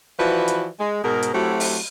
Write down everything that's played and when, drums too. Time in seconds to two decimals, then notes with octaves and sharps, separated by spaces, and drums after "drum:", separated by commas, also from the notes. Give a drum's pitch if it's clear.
0.19 E3 F3 F#4 B4 D5 E5
0.48 drum: hi-hat
0.80 G#3
1.04 G#2 B2 G#4 A#4
1.23 drum: hi-hat
1.34 F#3 A3 C4 E4 F#4 G4
1.60 drum: open hi-hat